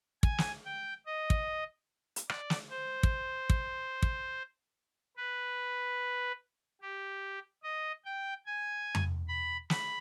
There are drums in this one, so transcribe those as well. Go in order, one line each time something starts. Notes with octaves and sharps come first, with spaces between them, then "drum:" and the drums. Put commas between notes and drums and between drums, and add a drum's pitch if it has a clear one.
G#5, drum: kick
drum: snare
G5
D#5
drum: kick
drum: hi-hat
D5, drum: rim click
drum: snare
C5
drum: kick
drum: kick
drum: kick
B4
G4
D#5
G5
G#5
drum: tom F2
B5
B5, drum: snare